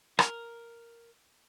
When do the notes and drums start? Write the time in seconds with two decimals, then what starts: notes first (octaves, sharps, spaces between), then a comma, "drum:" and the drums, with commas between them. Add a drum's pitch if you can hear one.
0.19 A#4, drum: rim click